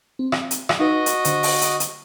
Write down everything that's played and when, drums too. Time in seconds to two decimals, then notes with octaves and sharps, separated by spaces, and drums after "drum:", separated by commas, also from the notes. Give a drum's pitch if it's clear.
0.19 C4
0.32 drum: rim click
0.51 drum: hi-hat
0.69 drum: rim click
0.79 D#4 F#4 B4 D#5
1.06 drum: hi-hat
1.25 D3 C5, drum: hi-hat
1.43 drum: open hi-hat
1.61 drum: hi-hat
1.80 drum: hi-hat